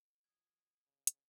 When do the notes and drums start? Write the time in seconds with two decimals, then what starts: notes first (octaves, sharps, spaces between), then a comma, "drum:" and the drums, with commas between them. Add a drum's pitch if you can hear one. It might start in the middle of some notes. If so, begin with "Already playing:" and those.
0.24 F3 D#6 G#6
0.85 C#3
1.07 drum: hi-hat